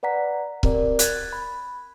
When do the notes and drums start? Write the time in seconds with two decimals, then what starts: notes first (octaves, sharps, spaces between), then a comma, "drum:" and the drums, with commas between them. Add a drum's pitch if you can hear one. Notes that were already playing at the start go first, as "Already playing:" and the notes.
0.03 B4 D5 F#5 A#5 B6
0.63 C4 G4 A#4 D5, drum: kick C#1
0.99 F#6 G#6 A6, drum: hi-hat
1.33 B5